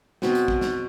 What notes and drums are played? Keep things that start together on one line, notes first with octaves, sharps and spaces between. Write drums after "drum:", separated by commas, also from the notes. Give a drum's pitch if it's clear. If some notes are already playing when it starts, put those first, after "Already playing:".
B2 F#3 C4, drum: snare
drum: hi-hat
drum: kick
drum: snare